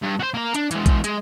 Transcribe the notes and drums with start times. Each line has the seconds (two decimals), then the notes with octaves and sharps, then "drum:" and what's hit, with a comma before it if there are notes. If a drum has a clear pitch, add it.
0.03 G2
0.20 F#4 C5
0.34 A#3 A#5
0.54 D4, drum: hi-hat
0.71 E3 G#3, drum: hi-hat
0.86 drum: kick A#1, hi-hat
1.04 G#3, drum: hi-hat